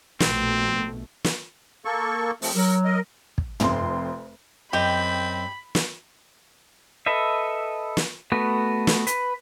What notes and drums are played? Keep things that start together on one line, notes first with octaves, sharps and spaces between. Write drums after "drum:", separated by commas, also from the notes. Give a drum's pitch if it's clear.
A#1 B2 A3 C4, drum: snare
drum: snare
A#3 A4 C#6
F3 A3 C4, drum: open hi-hat
F#3 A#4
A#4 D#5
drum: kick
F1 F2 C6, drum: tom
F#2 C4 G4 D#5 B5
drum: snare
A4 B4 D#5 E5
drum: snare
A3 B3 F#4 B4
drum: snare
B4, drum: hi-hat